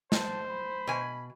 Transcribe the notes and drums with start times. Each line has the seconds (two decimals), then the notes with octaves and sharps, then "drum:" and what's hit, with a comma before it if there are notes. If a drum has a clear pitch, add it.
0.12 C5 A5, drum: snare
0.50 B5
0.87 B2 G#5